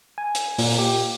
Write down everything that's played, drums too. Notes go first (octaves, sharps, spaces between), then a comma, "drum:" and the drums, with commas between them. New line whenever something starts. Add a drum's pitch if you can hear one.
G#5
drum: hi-hat
A#2, drum: open hi-hat
G4